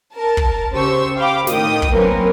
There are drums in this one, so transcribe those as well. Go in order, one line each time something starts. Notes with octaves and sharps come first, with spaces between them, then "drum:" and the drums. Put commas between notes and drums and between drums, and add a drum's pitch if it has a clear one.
A#4 A5
drum: kick
C#3 G4 C5 C#6 E6
F5 G5 B5 D6
A2 D#3 G5 D#6, drum: snare
drum: kick
F#3 A#3 C4 C#4 A#4 B4